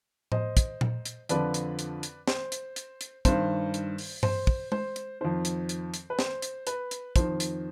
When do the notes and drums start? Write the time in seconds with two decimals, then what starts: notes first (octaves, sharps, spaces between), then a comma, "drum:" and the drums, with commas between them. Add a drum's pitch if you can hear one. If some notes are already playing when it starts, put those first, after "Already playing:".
0.32 C5 D#5, drum: tom A2
0.57 drum: kick, hi-hat
0.81 drum: tom A#2
1.05 drum: hi-hat
1.29 F2 D3 F3 B4 D5, drum: hi-hat
1.54 drum: hi-hat
1.79 drum: hi-hat
2.03 drum: hi-hat
2.28 C5, drum: snare
2.52 drum: hi-hat
2.76 drum: hi-hat
3.01 drum: hi-hat
3.25 G2 D#3 C5, drum: kick, hi-hat
3.74 drum: hi-hat
3.98 drum: open hi-hat
4.23 C5, drum: tom G2
4.47 drum: kick
4.72 C5, drum: tom G#3
4.96 drum: hi-hat
5.21 F2 D#3 C5
5.45 drum: hi-hat
5.69 drum: hi-hat
5.94 drum: hi-hat
6.10 B4
6.19 C5, drum: snare
6.42 drum: hi-hat
6.67 B4, drum: hi-hat
6.91 drum: hi-hat
7.16 F2 D#3 C5, drum: kick, hi-hat
7.40 drum: hi-hat